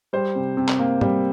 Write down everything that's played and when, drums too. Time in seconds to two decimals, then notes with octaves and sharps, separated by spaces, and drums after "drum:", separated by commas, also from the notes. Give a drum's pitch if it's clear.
0.13 G3 C5
0.35 C3
0.57 C3
0.68 drum: clap
0.79 A#3
1.01 G3, drum: tom